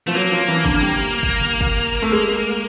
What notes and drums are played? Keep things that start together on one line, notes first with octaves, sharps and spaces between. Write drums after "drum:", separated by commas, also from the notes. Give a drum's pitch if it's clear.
F3 A3
F#3 A#3
F3
E3
D3, drum: kick
G3
drum: kick
drum: tom C#3
drum: kick
A3
G#3